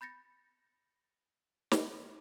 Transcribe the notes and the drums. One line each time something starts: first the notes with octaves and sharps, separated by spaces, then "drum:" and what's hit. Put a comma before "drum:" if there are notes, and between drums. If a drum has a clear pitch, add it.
B5 G6 A6 A#6 C#7
drum: snare